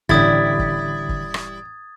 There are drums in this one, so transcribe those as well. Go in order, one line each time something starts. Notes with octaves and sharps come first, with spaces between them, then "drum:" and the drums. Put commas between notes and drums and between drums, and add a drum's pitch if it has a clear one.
A1 D3 G3 E4 D#6 G#6 A6, drum: kick
drum: kick
drum: kick
drum: rim click